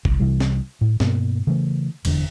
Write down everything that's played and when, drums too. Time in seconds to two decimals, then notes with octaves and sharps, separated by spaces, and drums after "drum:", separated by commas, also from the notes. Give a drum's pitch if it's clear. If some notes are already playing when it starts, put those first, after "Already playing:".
0.05 C2, drum: kick
0.20 C2 C3 E3 G3
0.40 drum: snare
0.81 A2
1.00 G2 B2 A#3 B3, drum: snare
1.47 C#3 E3 A3
2.05 F1 E2 D3, drum: cymbal